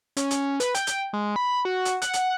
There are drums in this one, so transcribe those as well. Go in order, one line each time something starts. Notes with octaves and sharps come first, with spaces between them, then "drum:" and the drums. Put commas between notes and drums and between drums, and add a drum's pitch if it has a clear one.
C#4, drum: hi-hat
drum: hi-hat
B4, drum: hi-hat
G5, drum: hi-hat
drum: hi-hat
G#3
B5
F#4
drum: hi-hat
F#5, drum: hi-hat
drum: hi-hat